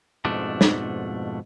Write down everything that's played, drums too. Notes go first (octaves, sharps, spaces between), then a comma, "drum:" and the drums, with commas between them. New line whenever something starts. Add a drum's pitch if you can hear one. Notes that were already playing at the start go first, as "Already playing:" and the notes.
F2 G#2 B2 A3 D4
drum: snare